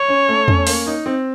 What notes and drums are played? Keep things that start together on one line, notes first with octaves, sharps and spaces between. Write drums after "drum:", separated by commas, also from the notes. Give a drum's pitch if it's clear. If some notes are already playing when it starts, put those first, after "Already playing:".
Already playing: C#5
C#4
A3
C#4, drum: tom E2
A#3, drum: open hi-hat
D#4
C4